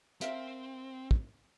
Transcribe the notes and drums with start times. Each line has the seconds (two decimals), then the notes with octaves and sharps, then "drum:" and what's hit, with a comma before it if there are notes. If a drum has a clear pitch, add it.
0.21 C4 A#4 E5 F5, drum: hi-hat
1.11 drum: kick